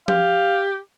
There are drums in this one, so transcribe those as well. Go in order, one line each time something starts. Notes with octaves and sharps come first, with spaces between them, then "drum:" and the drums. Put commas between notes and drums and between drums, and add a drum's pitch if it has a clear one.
G4 F5, drum: tom F3